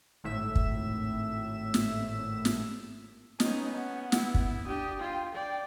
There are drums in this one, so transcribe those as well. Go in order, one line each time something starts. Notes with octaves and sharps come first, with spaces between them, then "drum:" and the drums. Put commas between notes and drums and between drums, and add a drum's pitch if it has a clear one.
G#1 A2 E5 E7
drum: kick
drum: snare
drum: snare
B3 C#4 D#4, drum: snare
F#5
B3 E4, drum: snare
drum: kick
D4 G4 D#6
F4 G5
D5 G5